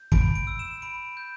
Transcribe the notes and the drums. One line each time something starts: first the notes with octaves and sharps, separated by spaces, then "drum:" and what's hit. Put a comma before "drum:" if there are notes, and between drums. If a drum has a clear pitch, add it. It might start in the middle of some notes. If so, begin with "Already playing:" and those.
Already playing: G6
B5 D7, drum: kick
D7
E6
E7
B5 D7
G6